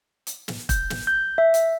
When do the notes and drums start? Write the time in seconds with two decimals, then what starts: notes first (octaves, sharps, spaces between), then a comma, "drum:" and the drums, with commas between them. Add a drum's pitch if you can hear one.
0.27 drum: hi-hat
0.48 drum: snare
0.69 G6, drum: kick E1, hi-hat
0.90 drum: snare
1.07 G6
1.38 E5
1.54 drum: hi-hat